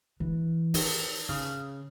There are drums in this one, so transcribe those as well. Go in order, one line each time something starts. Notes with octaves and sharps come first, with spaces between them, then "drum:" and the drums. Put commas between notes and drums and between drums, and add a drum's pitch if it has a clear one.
E3
D#3, drum: open hi-hat
C#3